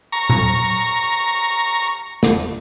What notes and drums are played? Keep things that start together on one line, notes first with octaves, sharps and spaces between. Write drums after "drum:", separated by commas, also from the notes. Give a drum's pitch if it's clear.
A#5 C#6
drum: tom A#2
drum: tambourine
drum: snare